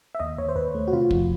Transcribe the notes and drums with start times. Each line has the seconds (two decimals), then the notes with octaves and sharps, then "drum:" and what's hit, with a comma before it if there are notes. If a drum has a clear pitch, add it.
0.15 E5
0.20 D#2 D#5
0.38 D#2 C#5
0.49 C5
0.56 D#2 B4
0.75 A3
0.88 F#4
0.92 C3 F4
1.11 F2, drum: kick